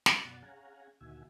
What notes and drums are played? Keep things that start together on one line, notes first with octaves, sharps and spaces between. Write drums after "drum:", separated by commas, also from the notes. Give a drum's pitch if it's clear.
drum: snare
F#2 B2 D5 F#5 A6
C#4 G#4 F5 F#5 G#5 A#5
D2 A#2 D#3 F#4 E5 G#5